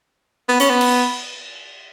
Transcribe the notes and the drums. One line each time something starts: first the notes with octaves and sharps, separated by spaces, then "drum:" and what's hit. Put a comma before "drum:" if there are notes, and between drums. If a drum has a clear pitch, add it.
B3
C#4, drum: hi-hat
B3
drum: cymbal